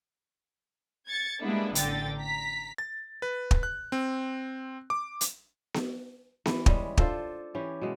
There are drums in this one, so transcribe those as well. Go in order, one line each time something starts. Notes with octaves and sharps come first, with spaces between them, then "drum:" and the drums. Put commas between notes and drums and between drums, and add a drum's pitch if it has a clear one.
G#6 A6 C#7
G3 G#3 A#3 B3 D4 E4
A1 D3 G5 A6, drum: hi-hat
A#5 B6
A6
B4
drum: kick
F#6
C4
D6
drum: hi-hat
drum: snare B3
E3, drum: snare B3
G3 G#3 C#4, drum: kick
D4 F4 A4 C5, drum: kick
E3 C#4 G4
B2 G#3